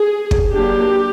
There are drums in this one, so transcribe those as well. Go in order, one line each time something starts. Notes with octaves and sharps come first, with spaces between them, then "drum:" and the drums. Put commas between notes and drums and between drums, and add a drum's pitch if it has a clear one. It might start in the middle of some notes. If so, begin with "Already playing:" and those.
Already playing: G#4
drum: kick
F#3 A#3 D4 G4